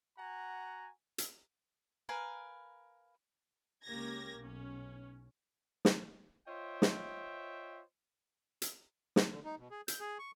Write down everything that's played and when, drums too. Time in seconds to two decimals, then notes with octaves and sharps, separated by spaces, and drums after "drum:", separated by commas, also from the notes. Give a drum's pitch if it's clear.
0.17 F#4 F#5 G#5 A#5
1.18 drum: hi-hat
2.09 A#4 B4 F5 G#5
3.85 C#2 A#3 C#4 G4 G#6 A#6
4.37 B1 C#4
5.85 drum: snare
6.47 F4 C5 C#5 D#5 E5 G5
6.82 drum: snare
8.62 drum: hi-hat
9.16 drum: snare
9.30 D3
9.45 D#4
9.58 B2
9.71 G#4
9.88 G6, drum: hi-hat
10.00 G#4
10.19 C#6